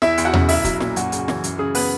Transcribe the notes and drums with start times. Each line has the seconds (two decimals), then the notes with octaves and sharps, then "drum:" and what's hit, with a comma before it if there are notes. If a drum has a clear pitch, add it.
0.02 E2 E4 E5, drum: snare
0.18 E2, drum: hi-hat
0.25 F#4 F#5
0.33 C#3, drum: tom E2
0.49 B1 E4 E5, drum: open hi-hat
0.65 F#3, drum: kick, hi-hat
0.80 A#2, drum: snare
0.96 F#2 F#4, drum: hi-hat
1.12 C#3, drum: hi-hat
1.20 F#4
1.28 E3, drum: snare
1.44 F#2, drum: hi-hat
1.59 C#3 G#4
1.75 B3 B4, drum: open hi-hat